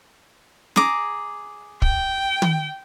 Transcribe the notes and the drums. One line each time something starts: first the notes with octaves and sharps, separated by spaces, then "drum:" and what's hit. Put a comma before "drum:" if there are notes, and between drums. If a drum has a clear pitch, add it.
G#4 A#5 D6, drum: snare
G5, drum: kick
drum: tom